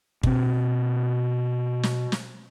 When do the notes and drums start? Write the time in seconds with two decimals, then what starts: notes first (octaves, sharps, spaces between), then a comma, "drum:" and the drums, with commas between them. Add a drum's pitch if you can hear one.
0.23 B2 C4, drum: kick
1.83 drum: snare
2.12 drum: snare